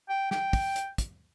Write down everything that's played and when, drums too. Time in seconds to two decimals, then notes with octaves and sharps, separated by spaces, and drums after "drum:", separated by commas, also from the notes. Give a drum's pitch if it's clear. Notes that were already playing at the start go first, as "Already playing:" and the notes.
0.09 G5
0.31 G5, drum: snare
0.53 drum: kick, open hi-hat
0.76 drum: hi-hat
0.98 drum: kick, hi-hat